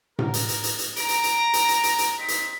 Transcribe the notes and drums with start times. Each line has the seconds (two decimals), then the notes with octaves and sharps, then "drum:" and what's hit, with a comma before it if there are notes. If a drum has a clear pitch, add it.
0.19 A#4, drum: tom A2
0.34 drum: hi-hat
0.49 drum: hi-hat
0.64 drum: hi-hat
0.79 drum: hi-hat
0.96 A#5 D7, drum: hi-hat
1.09 drum: hi-hat
1.23 drum: hi-hat
1.53 drum: hi-hat
1.68 drum: hi-hat
1.83 drum: hi-hat
1.98 drum: hi-hat
2.18 C4 D#4 B6
2.28 drum: hi-hat